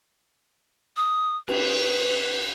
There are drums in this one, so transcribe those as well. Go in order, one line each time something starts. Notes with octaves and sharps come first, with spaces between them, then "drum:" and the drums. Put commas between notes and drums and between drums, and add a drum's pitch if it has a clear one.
D#6
B4, drum: cymbal